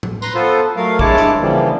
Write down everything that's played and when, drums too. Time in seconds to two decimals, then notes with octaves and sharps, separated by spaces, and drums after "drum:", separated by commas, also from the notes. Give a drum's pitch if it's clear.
0.03 drum: tom A2
0.22 B4 A#5 C6, drum: tambourine
0.35 B3 F4 A4 B4 C5
0.76 F#3 A3 A#4 F5
0.99 G2 G#3 E4 C#5 A5 D6, drum: kick
1.17 drum: snare
1.40 C#3 E3 F3 G3 A#3